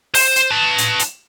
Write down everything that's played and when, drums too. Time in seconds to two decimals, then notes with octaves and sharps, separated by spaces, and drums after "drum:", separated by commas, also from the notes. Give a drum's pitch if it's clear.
0.14 C5, drum: open hi-hat
0.36 drum: hi-hat
0.51 B4 A5
0.78 drum: hi-hat
0.99 drum: hi-hat